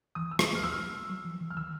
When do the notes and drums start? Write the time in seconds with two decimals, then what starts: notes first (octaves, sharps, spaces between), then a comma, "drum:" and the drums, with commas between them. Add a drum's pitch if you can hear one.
0.15 E3 D#6
0.31 E6
0.39 F3, drum: rim click
0.55 F6
0.63 E6
0.72 F6
1.09 F#3
1.25 F3
1.41 E3
1.50 F6
1.57 D#3 E6